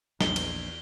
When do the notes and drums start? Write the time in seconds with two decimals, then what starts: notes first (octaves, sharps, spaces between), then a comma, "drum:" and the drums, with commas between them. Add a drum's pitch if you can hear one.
0.21 A#1 E2 G7, drum: snare
0.36 drum: cymbal